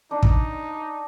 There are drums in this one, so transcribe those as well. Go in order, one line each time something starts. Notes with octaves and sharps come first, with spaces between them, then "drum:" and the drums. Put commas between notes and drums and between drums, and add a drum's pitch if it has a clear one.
D4 D#4
drum: kick